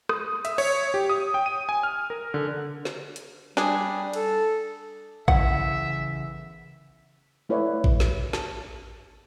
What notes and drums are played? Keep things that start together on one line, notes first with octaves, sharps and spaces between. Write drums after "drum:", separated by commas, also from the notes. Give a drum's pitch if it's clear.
D#6, drum: rim click
E5, drum: hi-hat
C#5, drum: cymbal
G4
D#6
G5
D#7
G#5
F6
A#4
D3
drum: snare
drum: hi-hat
G3 D4 G#4, drum: snare
A4, drum: cymbal
C#3 E3 E5 F#5, drum: kick A1
A3 E4 B4 C#5 D5
drum: kick A1
drum: snare
A5, drum: snare